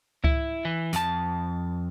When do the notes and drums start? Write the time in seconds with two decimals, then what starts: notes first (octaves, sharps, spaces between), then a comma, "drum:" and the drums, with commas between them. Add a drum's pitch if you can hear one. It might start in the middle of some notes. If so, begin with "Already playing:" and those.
0.24 E4, drum: kick C#2
0.65 E3
0.93 F2 A5, drum: hi-hat